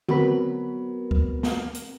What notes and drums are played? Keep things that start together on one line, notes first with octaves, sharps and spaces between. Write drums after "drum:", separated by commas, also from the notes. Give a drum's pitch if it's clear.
F#3 B3 C4 F#4 A#4 B4 B5, drum: tom D3
drum: kick C#2
drum: snare
drum: hi-hat